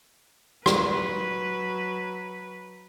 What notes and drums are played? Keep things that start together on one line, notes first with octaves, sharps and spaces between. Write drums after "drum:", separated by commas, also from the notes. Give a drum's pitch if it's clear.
F#3 B4, drum: rim click